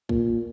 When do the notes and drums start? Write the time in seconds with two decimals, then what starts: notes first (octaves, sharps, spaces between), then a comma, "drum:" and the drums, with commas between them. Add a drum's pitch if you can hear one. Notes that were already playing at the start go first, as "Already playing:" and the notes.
0.09 A#2, drum: kick